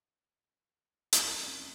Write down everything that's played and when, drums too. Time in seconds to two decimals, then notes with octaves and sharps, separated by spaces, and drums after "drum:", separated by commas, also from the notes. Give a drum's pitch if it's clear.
1.13 E2, drum: hi-hat
1.26 F1
1.42 C4 C#4